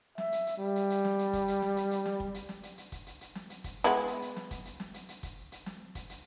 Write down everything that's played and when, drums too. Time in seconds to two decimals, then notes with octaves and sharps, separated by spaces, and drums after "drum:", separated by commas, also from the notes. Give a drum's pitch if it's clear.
0.18 E5, drum: snare
0.32 drum: hi-hat
0.47 drum: hi-hat
0.58 G3
0.76 drum: hi-hat
0.90 drum: hi-hat
1.04 drum: snare
1.19 drum: hi-hat
1.33 drum: kick, hi-hat
1.48 drum: hi-hat
1.62 drum: snare
1.77 drum: hi-hat
1.91 drum: hi-hat
2.05 drum: snare
2.20 drum: kick
2.34 drum: hi-hat
2.49 drum: snare
2.63 drum: hi-hat
2.78 drum: hi-hat
2.92 drum: kick, hi-hat
3.07 drum: hi-hat
3.21 drum: hi-hat
3.35 drum: snare
3.50 drum: hi-hat
3.64 drum: kick, hi-hat
3.84 G#3 B3 E4
4.08 drum: hi-hat
4.22 drum: hi-hat
4.36 drum: snare
4.51 drum: kick, hi-hat
4.65 drum: hi-hat
4.80 drum: snare
4.94 drum: hi-hat
5.09 drum: hi-hat
5.23 drum: kick, hi-hat
5.52 drum: hi-hat
5.66 drum: snare
5.95 drum: kick, hi-hat
6.10 drum: hi-hat